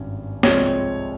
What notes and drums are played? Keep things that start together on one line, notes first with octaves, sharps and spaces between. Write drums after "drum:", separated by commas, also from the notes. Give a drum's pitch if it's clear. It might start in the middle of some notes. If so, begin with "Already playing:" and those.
Already playing: G#1 G2 C#4
C2 C3 F3 G#3 C4 C#5, drum: snare